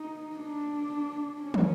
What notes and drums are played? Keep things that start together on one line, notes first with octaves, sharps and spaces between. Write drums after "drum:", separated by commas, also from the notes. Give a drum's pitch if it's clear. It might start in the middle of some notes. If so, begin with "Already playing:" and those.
Already playing: D#4
D4
C#4
drum: tom